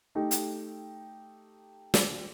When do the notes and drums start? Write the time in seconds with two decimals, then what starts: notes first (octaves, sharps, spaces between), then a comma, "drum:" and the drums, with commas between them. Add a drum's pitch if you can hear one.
0.15 A3 D#4 G4
0.31 drum: hi-hat
1.94 drum: snare